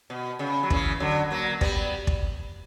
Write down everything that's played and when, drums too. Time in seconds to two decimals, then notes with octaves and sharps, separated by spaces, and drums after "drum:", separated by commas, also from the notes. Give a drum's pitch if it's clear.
0.10 B2
0.39 C#3
0.63 F#3
0.70 C#3 E3, drum: kick
1.00 D3 F#3
1.31 F#3 A#3
1.61 G3 B3, drum: kick
2.07 drum: kick